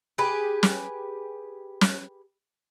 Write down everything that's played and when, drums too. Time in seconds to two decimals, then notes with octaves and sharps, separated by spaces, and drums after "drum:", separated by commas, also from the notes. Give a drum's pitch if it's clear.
0.18 G4 G#4 B4
0.63 drum: snare
1.81 drum: snare